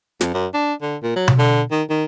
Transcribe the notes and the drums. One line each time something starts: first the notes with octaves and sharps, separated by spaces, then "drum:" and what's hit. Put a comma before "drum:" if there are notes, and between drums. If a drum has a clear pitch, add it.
F2, drum: snare
F#2
D4
D3
A#2
F#3
drum: tom B2
D3
D#3
D#3